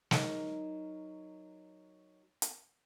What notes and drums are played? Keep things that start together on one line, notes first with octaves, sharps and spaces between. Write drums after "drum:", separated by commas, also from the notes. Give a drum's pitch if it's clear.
F#3 D#4 A#4, drum: snare
drum: hi-hat